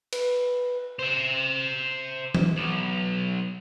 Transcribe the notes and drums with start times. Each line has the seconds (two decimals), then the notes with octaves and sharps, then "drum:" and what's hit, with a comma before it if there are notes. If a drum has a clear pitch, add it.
0.13 B4, drum: cymbal
0.99 C5 E5
2.35 drum: tom E3
2.56 B1